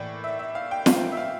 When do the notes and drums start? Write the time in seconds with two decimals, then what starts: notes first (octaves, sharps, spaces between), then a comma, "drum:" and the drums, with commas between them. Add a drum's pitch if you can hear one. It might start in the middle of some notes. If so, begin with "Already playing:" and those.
Already playing: A2 E3 A#3 D5
0.24 E5
0.39 E5
0.55 F5
0.71 G5
0.86 F5, drum: snare
1.12 E5
1.17 F5